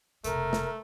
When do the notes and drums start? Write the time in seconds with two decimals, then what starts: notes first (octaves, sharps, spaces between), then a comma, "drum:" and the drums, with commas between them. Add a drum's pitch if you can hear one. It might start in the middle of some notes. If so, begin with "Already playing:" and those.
0.24 F1 B2 A3 A#4, drum: hi-hat
0.53 drum: snare